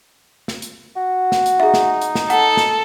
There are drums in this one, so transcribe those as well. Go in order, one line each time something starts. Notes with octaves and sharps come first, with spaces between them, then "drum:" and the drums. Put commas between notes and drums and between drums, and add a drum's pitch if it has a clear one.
drum: snare
drum: hi-hat
F#4
drum: snare
drum: hi-hat
D#4 G#4 E5
drum: snare
drum: hi-hat
drum: snare
A4 F#5, drum: hi-hat
drum: snare